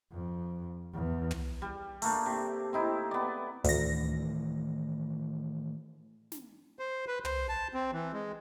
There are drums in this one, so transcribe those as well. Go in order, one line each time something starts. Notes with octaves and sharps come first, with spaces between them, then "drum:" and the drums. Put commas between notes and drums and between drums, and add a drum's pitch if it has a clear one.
F2
E2
drum: tom
G3
A3 A#3 D4, drum: open hi-hat
C3
C4 D#4 E4
B3 D5
D2 A2 D#3 E3 A#6, drum: open hi-hat
drum: snare
C5
B4
C5, drum: tom
A5
C4
E3
G#3